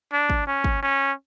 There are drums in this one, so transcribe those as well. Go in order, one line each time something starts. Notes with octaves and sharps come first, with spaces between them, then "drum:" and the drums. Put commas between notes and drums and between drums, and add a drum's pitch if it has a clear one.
D4
drum: kick
C#4
drum: kick
C#4